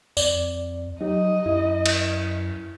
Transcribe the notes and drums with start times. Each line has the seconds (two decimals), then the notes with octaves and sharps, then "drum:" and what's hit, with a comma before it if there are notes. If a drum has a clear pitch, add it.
0.17 F2 D5, drum: tambourine
1.01 F#3 D#4 G4 D#5
1.46 F#2 E4
1.86 drum: cymbal